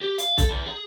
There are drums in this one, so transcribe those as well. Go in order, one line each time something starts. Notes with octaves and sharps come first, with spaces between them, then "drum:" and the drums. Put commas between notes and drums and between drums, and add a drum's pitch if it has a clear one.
G4
F5, drum: hi-hat
A4, drum: kick, hi-hat
E2
G#4